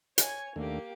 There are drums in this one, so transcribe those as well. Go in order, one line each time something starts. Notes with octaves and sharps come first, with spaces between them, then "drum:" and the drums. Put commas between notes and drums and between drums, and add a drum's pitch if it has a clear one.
C#5 G#5, drum: hi-hat
D#2 A3 A#3 D4 G4